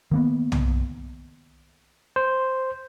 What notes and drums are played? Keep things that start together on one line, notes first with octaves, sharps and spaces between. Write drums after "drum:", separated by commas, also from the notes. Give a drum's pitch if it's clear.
D#3 A#3 B3
drum: tom
C5